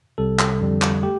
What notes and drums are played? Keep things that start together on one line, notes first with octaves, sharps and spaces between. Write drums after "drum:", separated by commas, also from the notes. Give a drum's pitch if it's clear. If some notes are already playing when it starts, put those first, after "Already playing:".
C2 C3 G3 A4
drum: clap
F2 D3 G3
drum: clap
A3 G4